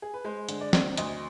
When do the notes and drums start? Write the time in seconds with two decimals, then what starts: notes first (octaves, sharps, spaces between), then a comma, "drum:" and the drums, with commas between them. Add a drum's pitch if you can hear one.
0.02 G#4
0.14 B4
0.25 G#3 C5
0.49 D3, drum: hi-hat
0.61 D5
0.73 C4, drum: snare
0.97 D2 D#5, drum: hi-hat